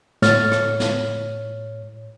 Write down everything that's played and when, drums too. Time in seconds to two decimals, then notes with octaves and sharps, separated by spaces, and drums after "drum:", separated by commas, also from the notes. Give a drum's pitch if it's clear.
0.22 A2 C#5 F6 A6, drum: snare
0.51 drum: rim click
0.80 drum: snare